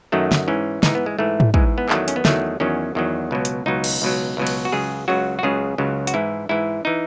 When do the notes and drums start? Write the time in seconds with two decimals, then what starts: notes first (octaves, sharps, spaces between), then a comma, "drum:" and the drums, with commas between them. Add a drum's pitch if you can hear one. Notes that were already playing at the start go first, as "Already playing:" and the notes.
0.12 F#2 D#3 F#3 A3
0.32 drum: snare
0.48 G#2 E3 C#4
0.83 G#2 E3 D#4, drum: snare
0.95 B3
1.06 G#3
1.18 G#2 E3 A3
1.40 drum: tom G#2
1.54 G#2 E3 G#3, drum: kick
1.78 B3
1.89 E2 D#3 F#3 A3, drum: clap
2.08 C#4, drum: hi-hat
2.16 B3
2.25 E2 D#3 F#3 A3, drum: snare
2.60 E2 D#3 F#3 C#4
2.95 E2 D#3 F#3
3.31 C#2 B2 F#3
3.45 drum: hi-hat
3.66 C#2 B2 F#3 D#4
3.84 drum: cymbal
4.02 C#2 B2 F#3
4.37 C#2 B2 F#3
4.47 drum: cymbal
4.65 F#4
4.72 C#2 C#3 F#3 G#4
5.08 C#2 C#3 F#3 F#4
5.39 F#4
5.43 C#2 C#3 F#3 G#4
5.78 C#2 C#3 F#3
6.07 F#4, drum: hi-hat
6.14 G#2 E3 E4
6.49 G#2 E3 E4
6.85 E3 D#4